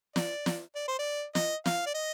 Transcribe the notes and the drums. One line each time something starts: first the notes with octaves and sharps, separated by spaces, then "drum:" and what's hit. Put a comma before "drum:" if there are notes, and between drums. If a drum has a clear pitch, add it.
D5, drum: snare
drum: snare
D5
C5
D5
D#5, drum: snare
F5, drum: snare
D5
D#5